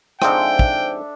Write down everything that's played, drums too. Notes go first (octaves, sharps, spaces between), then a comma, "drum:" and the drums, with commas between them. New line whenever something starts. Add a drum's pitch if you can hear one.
G#2 F3 C4 D4 A4 E5 G5, drum: rim click
drum: kick